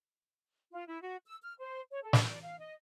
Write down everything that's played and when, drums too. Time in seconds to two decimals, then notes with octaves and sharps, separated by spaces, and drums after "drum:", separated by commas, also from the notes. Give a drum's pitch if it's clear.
0.73 F4
0.88 E4
1.01 F#4
1.26 E6
1.42 F6
1.59 C5
1.91 C#5
2.03 A4
2.13 drum: snare
2.26 D5
2.42 F5
2.59 D#5